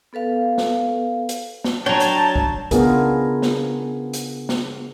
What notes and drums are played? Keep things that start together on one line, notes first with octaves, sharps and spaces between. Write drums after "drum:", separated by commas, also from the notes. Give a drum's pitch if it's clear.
B3 A4 B4 F5
drum: snare
drum: hi-hat
drum: snare
F#3 D4 C#5 G5 A5 A#5
drum: hi-hat
drum: kick
C#3 B3 D4 F4 G#4 A#4, drum: kick, hi-hat
drum: snare
drum: hi-hat
drum: snare